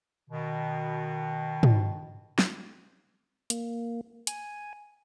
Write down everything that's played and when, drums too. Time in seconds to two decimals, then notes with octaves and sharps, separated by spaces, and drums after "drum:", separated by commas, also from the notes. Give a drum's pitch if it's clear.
0.30 B2 D#3
1.63 drum: tom
2.39 drum: snare
3.50 A#3, drum: hi-hat
4.27 G#5, drum: hi-hat